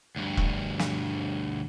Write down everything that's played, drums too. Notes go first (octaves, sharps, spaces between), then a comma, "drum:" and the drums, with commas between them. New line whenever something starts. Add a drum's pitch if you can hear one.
D2 G2
drum: kick E1
drum: snare